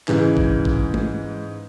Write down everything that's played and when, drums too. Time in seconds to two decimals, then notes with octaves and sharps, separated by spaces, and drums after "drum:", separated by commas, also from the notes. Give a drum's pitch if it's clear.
0.08 G#2 C#3 E3, drum: clap
0.37 drum: kick G#1
0.65 drum: kick G#1
0.94 drum: tom G#3